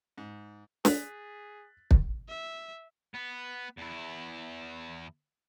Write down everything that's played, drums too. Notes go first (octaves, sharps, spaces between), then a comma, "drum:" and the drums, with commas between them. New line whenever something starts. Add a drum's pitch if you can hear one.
G#2
G#4 F#6 A6 B6, drum: snare
drum: kick
E5
B3
E2 E4